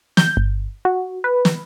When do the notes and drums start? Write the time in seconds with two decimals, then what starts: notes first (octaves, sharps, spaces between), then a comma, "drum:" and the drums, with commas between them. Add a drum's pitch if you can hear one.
0.17 G6, drum: snare
0.37 G1
0.85 F#4
1.24 B4
1.45 drum: snare